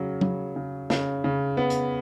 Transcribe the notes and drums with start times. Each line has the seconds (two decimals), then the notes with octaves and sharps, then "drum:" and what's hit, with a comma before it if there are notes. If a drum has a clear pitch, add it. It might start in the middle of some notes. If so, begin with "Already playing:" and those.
Already playing: C#3 F#3
0.21 C#3, drum: tom F#3
0.56 C#3
0.90 C#3, drum: snare
1.24 C#3
1.57 B3
1.70 drum: hi-hat